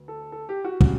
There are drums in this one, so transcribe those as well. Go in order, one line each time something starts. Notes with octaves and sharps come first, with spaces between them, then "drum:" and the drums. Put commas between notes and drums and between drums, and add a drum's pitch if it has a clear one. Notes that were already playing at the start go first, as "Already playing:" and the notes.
Already playing: D2 B3
A4
A4
G4
F#4
C#3 G3 F#4, drum: kick